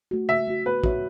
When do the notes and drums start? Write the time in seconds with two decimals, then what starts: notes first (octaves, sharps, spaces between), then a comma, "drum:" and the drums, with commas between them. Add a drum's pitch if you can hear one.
0.11 A3 F#4
0.29 C#3 E5
0.47 A3 F#4
0.65 B3 B4
0.84 F#4 C#5 E5, drum: kick